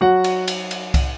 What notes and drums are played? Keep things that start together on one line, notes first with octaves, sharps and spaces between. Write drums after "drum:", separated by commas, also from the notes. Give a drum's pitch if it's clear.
F#3 F#4 F#5
drum: cymbal
drum: cymbal
drum: cymbal
drum: kick C2, cymbal